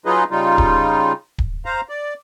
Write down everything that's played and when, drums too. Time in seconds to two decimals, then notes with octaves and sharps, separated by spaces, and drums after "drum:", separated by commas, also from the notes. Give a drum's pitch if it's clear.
0.06 F#3 D#4 F4 G#4 B4 D#5
0.31 C#3 G3 D#4 F4
0.58 drum: kick D1
1.38 drum: kick D1
1.65 C5 F5 A#5
1.89 D5